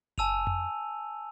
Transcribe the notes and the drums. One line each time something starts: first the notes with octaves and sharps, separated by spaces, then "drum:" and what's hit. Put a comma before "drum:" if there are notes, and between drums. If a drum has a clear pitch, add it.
G#5 A5 E6 D#7 F7, drum: kick F#1
drum: tom F2